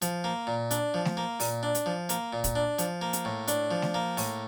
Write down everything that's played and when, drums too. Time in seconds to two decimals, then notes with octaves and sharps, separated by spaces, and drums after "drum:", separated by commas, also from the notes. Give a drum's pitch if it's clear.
0.02 F3, drum: hi-hat
0.24 A#3
0.47 A#2
0.71 D4, drum: hi-hat
0.94 F3
1.05 drum: snare A3
1.17 A#3
1.40 A#2, drum: open hi-hat
1.63 D4
1.75 drum: hi-hat
1.86 F3
2.09 A#3, drum: hi-hat
2.33 A#2
2.44 drum: kick, hi-hat
2.55 D4
2.79 F3, drum: hi-hat
3.02 A#3
3.13 drum: hi-hat
3.25 A2
3.48 D4, drum: hi-hat
3.71 F3
3.82 drum: snare A3
3.94 A#3
4.17 A2, drum: open hi-hat